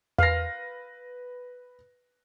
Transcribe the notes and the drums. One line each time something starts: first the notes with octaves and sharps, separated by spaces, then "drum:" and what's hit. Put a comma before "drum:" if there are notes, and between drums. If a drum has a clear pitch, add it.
B4 F5 A#6, drum: tom E2